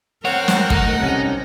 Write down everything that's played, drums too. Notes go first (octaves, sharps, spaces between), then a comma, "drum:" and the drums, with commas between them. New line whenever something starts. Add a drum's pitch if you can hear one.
C4 A#4 C#5 F#5
drum: snare
A3 D#4, drum: kick
C2 C3 C#4